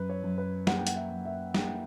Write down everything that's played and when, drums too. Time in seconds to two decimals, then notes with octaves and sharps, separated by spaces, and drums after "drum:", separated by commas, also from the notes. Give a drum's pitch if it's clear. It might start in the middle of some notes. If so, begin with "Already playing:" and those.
Already playing: F#2 B4
0.09 C#5
0.23 F#2
0.38 B4
0.67 A#3 F#5, drum: snare
0.77 G5
0.87 F#5, drum: hi-hat
0.96 E5
1.11 F#2
1.25 E5
1.54 A#3 G5, drum: snare